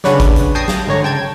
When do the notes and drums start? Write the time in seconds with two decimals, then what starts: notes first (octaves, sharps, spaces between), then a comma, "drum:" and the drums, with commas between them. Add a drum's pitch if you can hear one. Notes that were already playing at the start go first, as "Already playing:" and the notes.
0.04 C#3 D4 F#4 B4 C#5 D5, drum: snare
0.20 drum: kick G#1, hi-hat
0.36 drum: hi-hat
0.55 G5 A5 D#6 G#6 A#6 C7
0.68 drum: snare
0.87 G#2 D3 C#5 A#5
1.03 C#3 G5 A5 G#6